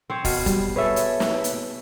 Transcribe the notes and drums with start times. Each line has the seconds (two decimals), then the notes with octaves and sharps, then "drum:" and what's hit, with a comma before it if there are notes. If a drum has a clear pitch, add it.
0.10 C4 C5 C#5
0.25 B2 F5, drum: kick, open hi-hat
0.46 G3, drum: kick, hi-hat
0.76 G#4 A4 B4 C#5 E5
0.96 drum: hi-hat
1.20 drum: snare
1.44 drum: hi-hat